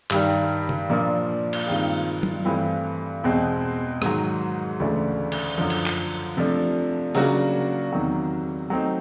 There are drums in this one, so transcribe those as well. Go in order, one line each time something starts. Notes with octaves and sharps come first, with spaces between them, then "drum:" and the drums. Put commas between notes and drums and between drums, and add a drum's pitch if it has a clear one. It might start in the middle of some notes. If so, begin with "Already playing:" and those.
G2 D#3 G3, drum: clap
drum: tom C3
A#2 F3 A#3 D4
drum: cymbal
G2 D#3 G#3 C4 F4
drum: tom F#3
G2 E3 A3 C4 E4
E2 B2 G#3 C4
G#2 D#3 F#3, drum: rim click
D2 C#3 E3 A3 D4
drum: cymbal
F#2 D3 F3
drum: cymbal
drum: clap
C3 F3 A3 D4
C#3 F#3 A#3 D4 F#4, drum: open hi-hat
E2 C3 D#3 F#3
F#3 A3 C4 D#4